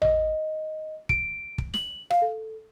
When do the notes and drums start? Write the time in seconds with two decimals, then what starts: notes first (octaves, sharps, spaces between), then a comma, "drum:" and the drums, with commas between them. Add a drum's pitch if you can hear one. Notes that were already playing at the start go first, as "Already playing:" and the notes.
0.02 D#5, drum: tom A1
1.09 D7, drum: kick
1.58 drum: kick
1.74 F#7, drum: snare
2.10 F5, drum: rim click
2.22 A4